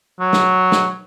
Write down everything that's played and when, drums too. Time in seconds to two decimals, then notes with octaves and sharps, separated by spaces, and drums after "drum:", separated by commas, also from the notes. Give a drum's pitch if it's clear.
0.20 F#3
0.33 drum: snare
0.72 drum: snare